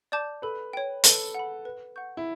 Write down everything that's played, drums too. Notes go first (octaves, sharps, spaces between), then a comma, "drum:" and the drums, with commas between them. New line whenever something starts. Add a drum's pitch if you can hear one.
D5 A5 D6 G6
A4 B4
C#5 G5
A4 B4, drum: hi-hat
F#5 B5
B4
F#5 C#6 G6
E4